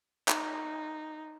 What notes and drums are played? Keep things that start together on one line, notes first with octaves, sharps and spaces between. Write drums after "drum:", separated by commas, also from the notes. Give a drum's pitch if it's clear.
D#4, drum: clap